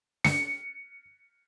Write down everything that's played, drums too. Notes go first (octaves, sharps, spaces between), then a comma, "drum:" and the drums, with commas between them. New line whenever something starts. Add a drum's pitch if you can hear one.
C#7, drum: snare